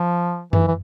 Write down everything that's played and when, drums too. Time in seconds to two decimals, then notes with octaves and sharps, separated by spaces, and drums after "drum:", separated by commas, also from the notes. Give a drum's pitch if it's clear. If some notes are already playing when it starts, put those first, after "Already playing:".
Already playing: F3
0.53 E3, drum: tom F#2
0.68 E3